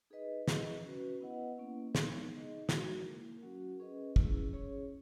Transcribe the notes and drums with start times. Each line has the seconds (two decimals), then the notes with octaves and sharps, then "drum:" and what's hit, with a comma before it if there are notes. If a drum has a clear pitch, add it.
0.10 D#4 G#4 B4 D#5
0.48 E4 G#4 D#5, drum: snare
0.84 C#4 F#4 B4
1.21 B3 E4 B4 D#5 F#5
1.57 A#3 C#4 E4
1.95 G#3 B3 D#4, drum: snare
2.31 D#4 G#4 D#5
2.69 G#3 D#4 F#4, drum: snare
3.05 A#3 E4 A#4
3.43 F#3 C#4 F#4 A#4
3.80 C#4 G#4 B4 D#5
4.16 C#4 E4 G#4, drum: kick
4.53 C#4 G#4 C#5